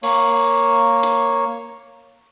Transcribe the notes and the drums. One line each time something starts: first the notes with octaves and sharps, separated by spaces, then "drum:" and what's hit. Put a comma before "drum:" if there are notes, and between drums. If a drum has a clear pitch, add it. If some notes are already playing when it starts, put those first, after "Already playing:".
A#3 C#5, drum: open hi-hat
drum: hi-hat